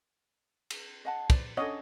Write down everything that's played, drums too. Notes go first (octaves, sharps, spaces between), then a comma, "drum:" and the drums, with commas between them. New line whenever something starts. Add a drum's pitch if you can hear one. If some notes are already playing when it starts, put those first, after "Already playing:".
drum: cymbal
D#5 F#5 A5
B4 C5 D5, drum: kick, cymbal
C#4 D4 A4 C#5 D#5 F#5